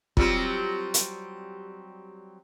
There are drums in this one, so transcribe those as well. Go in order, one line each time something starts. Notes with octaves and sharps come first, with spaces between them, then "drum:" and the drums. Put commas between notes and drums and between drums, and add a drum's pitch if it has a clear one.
F#3 G3 C4 F4, drum: kick
drum: hi-hat